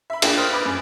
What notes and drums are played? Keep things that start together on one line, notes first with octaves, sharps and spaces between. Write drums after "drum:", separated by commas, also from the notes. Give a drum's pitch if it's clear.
E5 B5
A#3 D4 F4 G#4 G5, drum: cymbal
C5 D#6 F6
B4 B5 D6
F#2